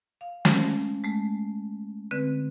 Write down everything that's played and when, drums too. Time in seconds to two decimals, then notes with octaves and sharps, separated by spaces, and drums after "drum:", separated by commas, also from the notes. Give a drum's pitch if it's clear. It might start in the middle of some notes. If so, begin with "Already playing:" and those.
0.21 F5
0.45 G#3 A3 C#4, drum: snare
1.04 G#3 A3
2.11 D3 C4 B4